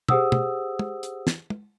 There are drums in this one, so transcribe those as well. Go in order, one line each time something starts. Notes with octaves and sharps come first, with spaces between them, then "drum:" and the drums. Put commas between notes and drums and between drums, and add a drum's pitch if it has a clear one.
G4 G#4 C5 F#5 D#6 E6, drum: tom
drum: tom
drum: tom
drum: hi-hat
drum: snare
drum: tom